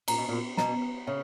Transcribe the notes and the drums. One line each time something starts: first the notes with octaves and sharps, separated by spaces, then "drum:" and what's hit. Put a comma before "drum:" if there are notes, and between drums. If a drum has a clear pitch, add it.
A#2 A#5, drum: cymbal
B2
A#2
F#4
B2 A#5, drum: snare
B4
C#3 E5